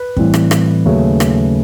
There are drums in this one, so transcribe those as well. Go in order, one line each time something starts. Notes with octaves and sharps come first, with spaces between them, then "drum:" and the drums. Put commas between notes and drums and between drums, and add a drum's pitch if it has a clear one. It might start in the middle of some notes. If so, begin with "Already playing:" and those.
Already playing: B4
A2 E3 G3 C4, drum: kick
drum: rim click
drum: rim click
D#2 C#3 F#3 A3 C#4
drum: rim click